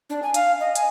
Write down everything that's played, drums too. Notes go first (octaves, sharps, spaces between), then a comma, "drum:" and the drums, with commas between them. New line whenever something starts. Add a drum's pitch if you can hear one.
D4
G#5
F5, drum: hi-hat
D#5
G#5, drum: hi-hat